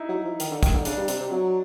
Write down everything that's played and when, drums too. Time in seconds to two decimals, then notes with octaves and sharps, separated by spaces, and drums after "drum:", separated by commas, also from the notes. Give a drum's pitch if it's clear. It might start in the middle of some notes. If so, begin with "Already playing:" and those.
Already playing: D#4 E4
0.09 F#3
0.24 F3
0.40 D#3, drum: hi-hat
0.51 D3
0.63 D#3, drum: kick, hi-hat
0.74 D3
0.85 C#3 D4, drum: hi-hat
0.97 G2
1.08 C3, drum: hi-hat
1.20 C3
1.31 F#3